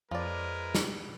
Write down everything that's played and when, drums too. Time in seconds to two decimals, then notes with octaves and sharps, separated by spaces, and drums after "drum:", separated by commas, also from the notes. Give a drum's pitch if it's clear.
0.11 F2 F3 G#3 A#4 B4 D5
0.75 drum: snare